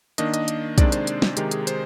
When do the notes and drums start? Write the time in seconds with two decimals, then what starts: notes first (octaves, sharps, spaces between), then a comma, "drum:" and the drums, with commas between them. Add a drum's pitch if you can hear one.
0.18 D#3 A#3 D4 D#5, drum: hi-hat
0.34 D#5, drum: hi-hat
0.48 drum: hi-hat
0.78 C3 D#3 G#3 D4 D5, drum: kick, hi-hat
0.92 C5, drum: hi-hat
1.07 drum: hi-hat
1.22 drum: snare
1.37 C3 D#3 G#3 D#4 G4, drum: hi-hat
1.51 G#4, drum: hi-hat
1.67 C5, drum: hi-hat